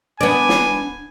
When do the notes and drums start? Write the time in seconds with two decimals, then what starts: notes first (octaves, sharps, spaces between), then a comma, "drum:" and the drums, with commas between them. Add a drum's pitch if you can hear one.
0.21 B3 D4 G#5
0.49 drum: snare